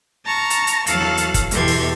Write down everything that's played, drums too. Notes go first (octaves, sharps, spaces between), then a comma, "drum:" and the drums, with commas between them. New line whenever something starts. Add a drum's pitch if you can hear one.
A5 A#5 C#6 F6
drum: hi-hat
drum: hi-hat
E2 F#3 A4 F5 F#6 A6, drum: hi-hat
drum: snare
drum: hi-hat
drum: kick, hi-hat
E2 B2 G4 A4 C6 G#6, drum: hi-hat
drum: open hi-hat